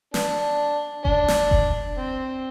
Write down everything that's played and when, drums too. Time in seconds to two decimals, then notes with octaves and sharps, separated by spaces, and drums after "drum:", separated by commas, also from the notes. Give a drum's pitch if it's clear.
0.14 B3 D4, drum: snare
1.05 D4, drum: kick F1
1.28 drum: snare
1.51 drum: kick F1
1.97 C4